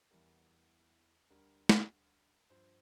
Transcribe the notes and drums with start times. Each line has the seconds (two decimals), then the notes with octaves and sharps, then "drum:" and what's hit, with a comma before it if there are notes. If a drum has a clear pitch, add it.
0.11 E2 E3 G3 A#4
1.30 D2 D3 G3 A#4
1.69 drum: snare
2.50 G2 F3 C5